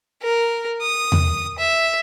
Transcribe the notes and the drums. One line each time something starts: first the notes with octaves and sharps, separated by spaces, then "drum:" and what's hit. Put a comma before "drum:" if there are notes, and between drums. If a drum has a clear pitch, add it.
A#4
D#6
drum: tom E2
E5